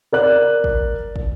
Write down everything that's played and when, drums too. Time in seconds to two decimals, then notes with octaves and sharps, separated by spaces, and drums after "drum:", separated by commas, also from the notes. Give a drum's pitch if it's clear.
0.12 A#4 D5 F#6
0.64 drum: kick
1.16 drum: kick